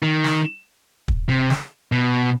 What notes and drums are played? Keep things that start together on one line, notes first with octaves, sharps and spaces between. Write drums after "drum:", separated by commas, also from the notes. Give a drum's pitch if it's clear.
D#3
drum: snare
drum: kick
C3
drum: snare
B2